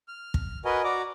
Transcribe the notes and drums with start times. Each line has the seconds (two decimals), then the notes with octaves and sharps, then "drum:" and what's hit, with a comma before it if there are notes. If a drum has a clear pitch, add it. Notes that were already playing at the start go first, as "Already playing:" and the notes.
0.08 F6
0.34 drum: kick
0.65 F#4 A#4 B4 D#5 G#5
0.84 F#4 D5 A#5 D6